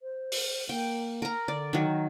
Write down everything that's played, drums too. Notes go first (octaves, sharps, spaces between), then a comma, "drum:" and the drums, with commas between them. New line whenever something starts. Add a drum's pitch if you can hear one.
C5
drum: open hi-hat
A#3 G5
A#4 A#5
D3 D5
D#3 F#3